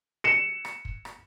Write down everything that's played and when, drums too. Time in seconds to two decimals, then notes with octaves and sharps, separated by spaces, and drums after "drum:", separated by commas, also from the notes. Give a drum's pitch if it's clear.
0.24 C#7 E7
0.65 drum: rim click
0.85 drum: kick
1.05 drum: rim click